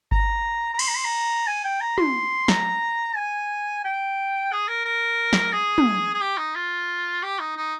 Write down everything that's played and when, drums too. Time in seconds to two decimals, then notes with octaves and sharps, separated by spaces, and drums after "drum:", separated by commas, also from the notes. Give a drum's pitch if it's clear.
0.11 A#5, drum: kick G1
0.74 A#5
0.79 C6, drum: cymbal
0.88 A#5
0.96 C6
1.04 A#5
1.47 G#5
1.64 G5
1.81 A#5
1.98 C6, drum: tom
2.48 A#5, drum: snare
3.16 G#5
3.84 G5
4.52 G#4
4.68 A#4
4.85 A#4
5.33 drum: snare
5.53 G#4
5.78 drum: tom
6.14 G#4
6.21 G4
6.37 D#4
6.55 F4
7.23 G4
7.39 D#4
7.57 D#4